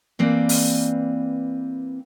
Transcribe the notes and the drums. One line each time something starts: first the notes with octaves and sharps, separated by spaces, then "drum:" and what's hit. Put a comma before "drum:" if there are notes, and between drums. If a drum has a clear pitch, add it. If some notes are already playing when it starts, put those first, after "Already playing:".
E3 A#3 C4 B4 D5
drum: open hi-hat